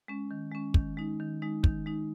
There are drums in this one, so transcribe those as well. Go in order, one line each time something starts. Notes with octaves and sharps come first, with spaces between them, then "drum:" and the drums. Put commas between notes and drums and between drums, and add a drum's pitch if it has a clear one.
G#3 C#4
D#3
G#3 C#4
D#3, drum: kick
G#3 D#4
D#3
G#3 D#4
D#3, drum: kick
G#3 D#4